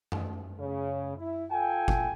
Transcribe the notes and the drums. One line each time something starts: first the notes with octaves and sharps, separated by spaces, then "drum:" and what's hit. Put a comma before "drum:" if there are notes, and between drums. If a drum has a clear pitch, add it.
drum: tom F#2
C#3
E4
F4 A4 G5 G#5
drum: kick G1